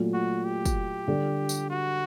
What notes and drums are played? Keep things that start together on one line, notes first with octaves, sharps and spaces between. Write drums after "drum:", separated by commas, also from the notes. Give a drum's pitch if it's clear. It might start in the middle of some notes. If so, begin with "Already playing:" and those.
Already playing: A#2 F#3 A3
F#4
G4
drum: kick, tambourine
D3 G3 D4 A4
drum: tambourine
F#4